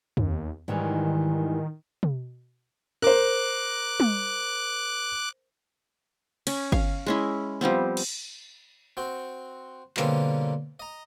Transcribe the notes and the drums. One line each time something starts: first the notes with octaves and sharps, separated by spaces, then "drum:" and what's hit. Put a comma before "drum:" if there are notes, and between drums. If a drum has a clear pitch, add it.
D#2, drum: tom
G#2 D#3 E3 G3
drum: tom
A#4 C5 D6 F#6
drum: tom
C#4, drum: cymbal
F5, drum: kick G1
G#3 C#4 E4
F3 G3 B3 C4
drum: cymbal
C4 F#4 G5
B2 D3 G3 A#3 C4 C#4, drum: clap
D#5 A#5